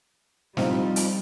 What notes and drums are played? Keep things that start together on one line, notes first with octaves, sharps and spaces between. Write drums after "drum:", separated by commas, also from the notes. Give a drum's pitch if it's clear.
F3 G3 C4 D#4, drum: snare
drum: hi-hat